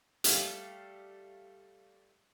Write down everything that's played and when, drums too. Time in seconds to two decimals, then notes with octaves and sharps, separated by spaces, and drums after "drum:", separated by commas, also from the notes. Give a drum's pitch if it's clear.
0.24 G3 A3 G4 F5, drum: hi-hat